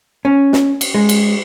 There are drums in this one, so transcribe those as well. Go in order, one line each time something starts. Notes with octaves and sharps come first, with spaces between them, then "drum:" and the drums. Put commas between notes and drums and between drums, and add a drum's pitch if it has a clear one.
C#4
drum: snare
drum: cymbal
G#3
drum: cymbal